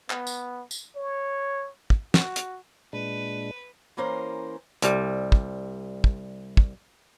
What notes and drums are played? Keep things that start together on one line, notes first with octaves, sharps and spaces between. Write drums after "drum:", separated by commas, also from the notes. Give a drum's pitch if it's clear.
B3, drum: clap
drum: tambourine
drum: tambourine
C#5
drum: kick
F#4, drum: snare
drum: hi-hat
A#2 G#3 D4 B4
E3 A#3 C#4 A#4 C5
C2 G3, drum: hi-hat
drum: kick
drum: kick
drum: kick